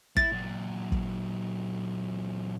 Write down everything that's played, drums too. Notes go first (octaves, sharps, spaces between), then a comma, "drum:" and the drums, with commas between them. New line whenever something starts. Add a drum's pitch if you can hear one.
E4 A6, drum: kick
A#2 F#3
drum: kick